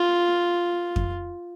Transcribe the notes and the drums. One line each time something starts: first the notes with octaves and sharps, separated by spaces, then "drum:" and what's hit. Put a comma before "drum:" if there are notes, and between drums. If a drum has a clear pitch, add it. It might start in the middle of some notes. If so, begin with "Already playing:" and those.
Already playing: F4
drum: kick F2